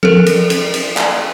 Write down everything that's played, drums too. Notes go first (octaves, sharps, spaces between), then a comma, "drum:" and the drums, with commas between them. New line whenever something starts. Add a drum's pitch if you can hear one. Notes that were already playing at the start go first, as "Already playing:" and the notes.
A4 A#4, drum: tom F3
drum: cymbal
drum: cymbal
drum: cymbal
drum: clap